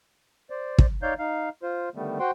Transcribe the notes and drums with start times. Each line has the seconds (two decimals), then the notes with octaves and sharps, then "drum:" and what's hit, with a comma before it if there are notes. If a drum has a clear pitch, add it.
0.50 C5 D5
0.78 drum: kick
1.02 D#4 C#5 D5 F5 G6
1.19 D#4 F5
1.63 F4 C5
1.95 D3 D#3 G3 A3 B3
2.20 F#4 C5 F#5 G5 C6